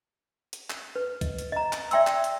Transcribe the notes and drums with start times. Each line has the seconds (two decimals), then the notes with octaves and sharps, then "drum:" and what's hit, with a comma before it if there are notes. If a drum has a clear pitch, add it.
0.53 drum: hi-hat
0.70 drum: clap
0.96 B4
1.21 D#5, drum: kick, hi-hat
1.38 drum: hi-hat
1.52 D#5 A#5
1.73 drum: clap
1.91 D5 E5 G5 C6 E6, drum: hi-hat
2.07 drum: clap
2.24 drum: hi-hat